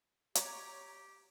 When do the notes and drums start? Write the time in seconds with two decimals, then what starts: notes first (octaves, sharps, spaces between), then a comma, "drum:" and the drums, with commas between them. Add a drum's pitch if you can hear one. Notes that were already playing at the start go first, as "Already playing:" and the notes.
0.35 G4 C#5 A#5 D6, drum: hi-hat